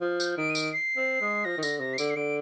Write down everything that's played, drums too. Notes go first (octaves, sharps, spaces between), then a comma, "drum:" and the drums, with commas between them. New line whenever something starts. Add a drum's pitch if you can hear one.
F3
G6, drum: tambourine
D#3 D7
D#7
D7, drum: tambourine
C7
C4
G#3
F3 A#6
D#3
D3 A#6, drum: tambourine
C3 A#6
C7
D3 D7, drum: tambourine
C7
D3 D7